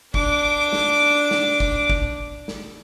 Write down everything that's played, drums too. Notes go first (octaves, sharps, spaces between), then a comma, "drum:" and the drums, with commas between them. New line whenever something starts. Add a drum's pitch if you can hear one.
D4 D6, drum: kick
drum: snare
drum: snare
drum: kick
drum: kick
drum: snare